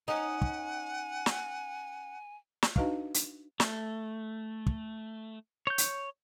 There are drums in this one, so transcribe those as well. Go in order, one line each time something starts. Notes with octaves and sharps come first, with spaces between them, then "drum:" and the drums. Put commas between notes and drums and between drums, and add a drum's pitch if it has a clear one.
C#4 D#4 F#5 G#5
drum: kick
drum: snare
drum: snare
D4 D#4 F#4 B4 D#5 F5, drum: kick
drum: hi-hat
A3, drum: snare
drum: kick
C#5 G6
drum: hi-hat